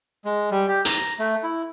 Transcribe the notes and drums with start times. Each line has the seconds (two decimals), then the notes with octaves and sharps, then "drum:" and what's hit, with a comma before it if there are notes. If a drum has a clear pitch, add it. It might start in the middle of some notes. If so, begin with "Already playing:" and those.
0.25 G#3
0.51 G3
0.68 G4
0.85 A#5, drum: hi-hat
1.19 A3
1.43 E4